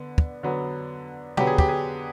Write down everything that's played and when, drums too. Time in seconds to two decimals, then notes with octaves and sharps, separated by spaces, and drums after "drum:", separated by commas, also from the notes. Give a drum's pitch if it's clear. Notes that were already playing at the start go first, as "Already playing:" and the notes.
Already playing: D3 B3
0.18 drum: kick
0.43 D3 F#3 B3
1.37 D3 F#3 B3 G4, drum: tom B2
1.47 G#4
1.58 G4, drum: kick
1.69 G#4